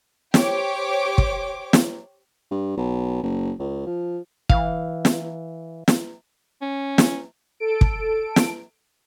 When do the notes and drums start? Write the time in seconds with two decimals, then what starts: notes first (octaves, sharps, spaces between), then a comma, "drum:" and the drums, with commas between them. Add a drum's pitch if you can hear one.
0.34 G4 C5 C#5 D6, drum: snare
1.18 drum: kick
1.73 drum: snare
2.51 G2
2.77 B1
3.23 F#1
3.59 C#2
3.86 F3
4.50 E3 F5, drum: kick
5.05 drum: snare
5.88 drum: snare
6.62 C#4
6.98 drum: snare
7.60 A4 D7
7.81 drum: kick
8.36 drum: snare